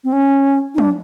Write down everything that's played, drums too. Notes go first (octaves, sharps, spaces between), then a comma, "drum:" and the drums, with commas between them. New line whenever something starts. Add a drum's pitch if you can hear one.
C4
C#4
D#4
D4, drum: tom